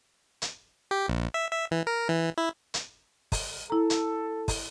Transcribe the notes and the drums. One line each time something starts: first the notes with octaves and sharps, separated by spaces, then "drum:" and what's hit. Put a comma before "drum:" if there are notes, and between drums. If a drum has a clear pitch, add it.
drum: hi-hat
G4
A#1
E5
E5
E3
A#4
E3
E4
drum: hi-hat
drum: kick, open hi-hat
E4 A4 A#5
drum: hi-hat
drum: kick, open hi-hat